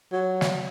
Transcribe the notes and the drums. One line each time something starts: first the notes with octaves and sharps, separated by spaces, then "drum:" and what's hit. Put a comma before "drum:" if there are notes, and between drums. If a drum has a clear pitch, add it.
F#3
drum: snare